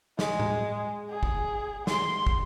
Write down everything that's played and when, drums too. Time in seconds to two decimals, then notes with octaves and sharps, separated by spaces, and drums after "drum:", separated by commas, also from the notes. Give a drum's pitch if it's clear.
0.19 G#3, drum: snare
0.40 drum: tom A2
1.10 G#4
1.23 drum: kick
1.87 C6, drum: snare
2.27 drum: kick